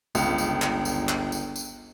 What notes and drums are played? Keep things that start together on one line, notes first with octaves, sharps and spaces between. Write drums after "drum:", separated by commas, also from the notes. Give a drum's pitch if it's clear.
G1 C#2, drum: tambourine
drum: tambourine
drum: clap
drum: tambourine
drum: clap
drum: tambourine
drum: tambourine